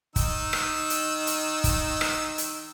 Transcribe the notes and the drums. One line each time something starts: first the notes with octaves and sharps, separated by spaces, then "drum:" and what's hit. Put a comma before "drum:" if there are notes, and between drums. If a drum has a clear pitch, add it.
D#3 D#4 E6, drum: kick, hi-hat
drum: rim click
drum: hi-hat
drum: hi-hat
drum: kick, hi-hat
drum: rim click
drum: hi-hat